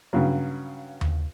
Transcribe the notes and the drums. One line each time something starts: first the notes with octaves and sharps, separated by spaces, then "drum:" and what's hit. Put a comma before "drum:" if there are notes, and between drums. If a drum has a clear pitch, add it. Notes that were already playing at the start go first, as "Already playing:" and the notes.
G2 C#3 F#3
drum: tom D#2